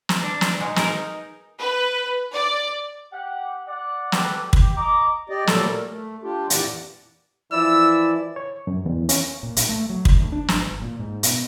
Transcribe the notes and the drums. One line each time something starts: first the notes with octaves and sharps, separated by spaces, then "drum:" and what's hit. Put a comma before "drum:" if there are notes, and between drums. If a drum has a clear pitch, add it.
drum: snare
D4 A5
drum: snare
B2 G#3 D#4
G#4 A#4, drum: snare
B4
D5
G4 F#5
D5 F#5
F#4 G4 A4 B4 D5, drum: snare
G4
drum: kick
D#5 A#5 D6
G4 D5 D#5
A#2 F#3 G3 A3 A4 D5, drum: snare
A#4
A3
D4 F4 G4
F2 A#2 E3 G4 D5 F#5, drum: hi-hat
E3 F3 E4 D5 E6
C#5
F#2
E2
C#4, drum: hi-hat
A#2
A#1, drum: hi-hat
A3
F#3
F#1, drum: kick
D2
D4
G#1, drum: snare
G#1
A#2
G#2
B2, drum: hi-hat